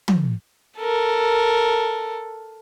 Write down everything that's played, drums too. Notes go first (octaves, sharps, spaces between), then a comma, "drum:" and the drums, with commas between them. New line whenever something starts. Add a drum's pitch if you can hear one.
drum: tom
A4 A#4